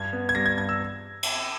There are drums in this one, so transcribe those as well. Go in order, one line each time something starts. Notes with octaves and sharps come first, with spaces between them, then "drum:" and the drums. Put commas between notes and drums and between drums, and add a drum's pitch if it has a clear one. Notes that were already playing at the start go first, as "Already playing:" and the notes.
Already playing: G2 G#6
B3
G#6
G3 A#6
G#6
G2 G#6
E6
drum: cymbal